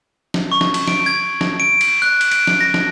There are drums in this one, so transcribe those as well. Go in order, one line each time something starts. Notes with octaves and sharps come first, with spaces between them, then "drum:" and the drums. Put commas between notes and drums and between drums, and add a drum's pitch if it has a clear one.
drum: snare
C#6
drum: snare
drum: cymbal
D7, drum: snare
G#6
drum: snare
D7
drum: cymbal
F#6
drum: cymbal
D7, drum: cymbal
drum: snare
A#6
drum: snare